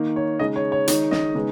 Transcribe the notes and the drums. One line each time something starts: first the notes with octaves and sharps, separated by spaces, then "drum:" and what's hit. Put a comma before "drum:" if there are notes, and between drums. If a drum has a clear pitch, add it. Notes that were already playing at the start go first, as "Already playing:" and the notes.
Already playing: D#3 A#3 D#4
C#5
C#3 G#3 D#4 D#5
C#5
C#5
D#3 G#3 D#4 C#5, drum: hi-hat
D#5, drum: snare
C#3 G#3 B3 D#4